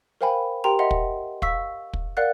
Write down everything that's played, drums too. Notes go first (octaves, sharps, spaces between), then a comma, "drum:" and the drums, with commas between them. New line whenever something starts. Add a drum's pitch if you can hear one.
A#4 C5 F5 G5 G#5 B5
G4 A#4 G5 A#5 C6 F7
D#5 E5 F#5 C6
drum: kick
F5 C#6 E6 B6, drum: kick
drum: kick
A#4 D5 F5 F#5 F#6